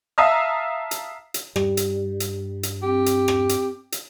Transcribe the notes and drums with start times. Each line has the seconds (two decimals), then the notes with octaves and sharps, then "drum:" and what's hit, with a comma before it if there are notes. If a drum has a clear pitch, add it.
0.18 E5 F5 A5 A#5 D#6 E6
0.91 drum: hi-hat
1.34 drum: hi-hat
1.56 G2 G3, drum: rim click
1.77 drum: hi-hat
2.20 drum: hi-hat
2.63 drum: hi-hat
2.82 C4 G4
3.06 drum: hi-hat
3.28 drum: rim click
3.49 drum: hi-hat
3.92 drum: hi-hat